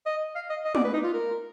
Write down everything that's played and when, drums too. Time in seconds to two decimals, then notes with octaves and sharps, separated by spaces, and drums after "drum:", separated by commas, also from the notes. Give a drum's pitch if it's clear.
0.06 D#5
0.35 F5
0.50 D#5
0.65 D#5
0.75 D5, drum: tom
0.84 B4
0.94 D#4
1.04 F4
1.14 A#4